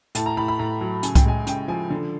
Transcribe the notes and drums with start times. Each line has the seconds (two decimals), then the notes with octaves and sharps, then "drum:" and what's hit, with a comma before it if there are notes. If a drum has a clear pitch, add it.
0.15 A2 A5, drum: hi-hat
0.26 A#5
0.37 A2 B5
0.48 B5
0.59 A2 A#5
0.81 F#3
1.03 C#3 G#5, drum: hi-hat
1.15 G5, drum: kick C2, hi-hat
1.25 G#3 G#5
1.47 C#3 G5, drum: hi-hat
1.68 F3 G#5
1.90 D3